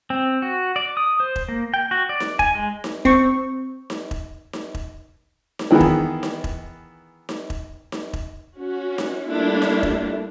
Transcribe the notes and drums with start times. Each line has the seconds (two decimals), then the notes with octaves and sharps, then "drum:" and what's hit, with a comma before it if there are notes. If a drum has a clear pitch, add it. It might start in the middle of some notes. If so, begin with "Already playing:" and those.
0.10 C4
0.42 F#4
0.76 D5
0.97 D#6
1.20 C5
1.36 drum: kick E1
1.49 A#3
1.74 G5
1.91 F#4
2.09 D5
2.20 drum: snare D#4
2.39 G#5, drum: kick E1
2.55 G#3
2.84 drum: snare D#4
3.05 C4 C#6, drum: kick E1
3.90 drum: snare D#4
4.11 drum: kick E1
4.53 drum: snare D#4
4.75 drum: kick E1
5.59 drum: snare D#4
5.71 D#3 E3 B3 G#4
5.80 drum: kick E1
6.23 drum: snare D#4
6.44 drum: kick E1
7.29 drum: snare D#4
7.50 drum: kick E1
7.92 drum: snare D#4
8.13 drum: kick E1
8.57 C#4 F#4
8.98 drum: snare D#4
9.26 G3 A3 A#3 D4 E4 F4
9.62 drum: snare D#4
9.83 drum: kick E1